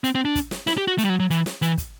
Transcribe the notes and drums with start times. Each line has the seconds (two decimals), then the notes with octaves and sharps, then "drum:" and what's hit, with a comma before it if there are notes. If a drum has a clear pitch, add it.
0.04 C4, drum: hi-hat
0.15 C4
0.25 D4
0.35 drum: kick, hi-hat
0.51 drum: snare
0.67 E4, drum: snare
0.78 G4
0.87 F#4
0.98 A3, drum: hi-hat
1.05 G3
1.09 F#3
1.20 F#3
1.30 E3, drum: hi-hat
1.46 drum: snare
1.62 E3, drum: hi-hat
1.78 drum: kick, hi-hat